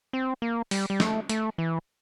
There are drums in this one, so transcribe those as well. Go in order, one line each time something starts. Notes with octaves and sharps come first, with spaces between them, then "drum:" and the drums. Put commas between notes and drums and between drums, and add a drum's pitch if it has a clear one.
C4
A#3
G3, drum: open hi-hat
G3
A3, drum: snare
A3, drum: hi-hat
E3